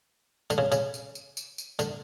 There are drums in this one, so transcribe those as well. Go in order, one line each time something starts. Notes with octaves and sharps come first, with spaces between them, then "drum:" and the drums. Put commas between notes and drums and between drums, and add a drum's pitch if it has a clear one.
D3, drum: tambourine
C#3
C#3, drum: tambourine
drum: tambourine
drum: tambourine
drum: tambourine
drum: tambourine
D3, drum: tambourine